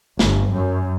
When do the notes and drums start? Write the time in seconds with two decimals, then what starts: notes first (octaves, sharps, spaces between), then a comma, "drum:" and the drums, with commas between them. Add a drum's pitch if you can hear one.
0.19 G1, drum: snare
0.51 F#2